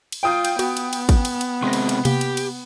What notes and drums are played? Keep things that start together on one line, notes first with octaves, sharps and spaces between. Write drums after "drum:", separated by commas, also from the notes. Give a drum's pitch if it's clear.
drum: cymbal
F4 G5 D#6 G6
drum: cymbal
B3 F#4, drum: cymbal
drum: cymbal
drum: cymbal
drum: kick, cymbal
drum: cymbal
drum: cymbal
C3 G#3 C4 C6 A#6
drum: cymbal
drum: cymbal
C3 A#3 G4, drum: cymbal
drum: cymbal
drum: cymbal